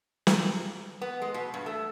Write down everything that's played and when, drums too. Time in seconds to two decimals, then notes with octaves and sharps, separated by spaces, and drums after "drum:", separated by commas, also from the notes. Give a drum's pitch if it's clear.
0.27 drum: snare
1.02 B3
1.22 G#3
1.34 B2
1.54 G2
1.66 A3